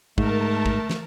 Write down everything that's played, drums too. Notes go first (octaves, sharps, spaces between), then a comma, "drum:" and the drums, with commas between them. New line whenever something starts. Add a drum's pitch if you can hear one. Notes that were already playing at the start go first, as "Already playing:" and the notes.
G#2 A3 A#4 A5, drum: kick
drum: kick
drum: snare